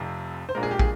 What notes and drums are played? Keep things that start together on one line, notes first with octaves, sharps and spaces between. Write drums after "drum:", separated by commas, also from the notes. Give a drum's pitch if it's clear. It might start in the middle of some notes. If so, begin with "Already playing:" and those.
Already playing: F1 F2 C3
C5
A#1 A#2 G#3 A#4
G#4
G4
G#4, drum: kick